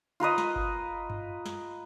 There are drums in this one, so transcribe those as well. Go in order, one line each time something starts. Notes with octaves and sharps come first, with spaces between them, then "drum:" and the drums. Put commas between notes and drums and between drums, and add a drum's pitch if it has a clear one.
F4 A#4 B4 D#5
drum: snare
drum: kick G1
drum: tom F#2
drum: snare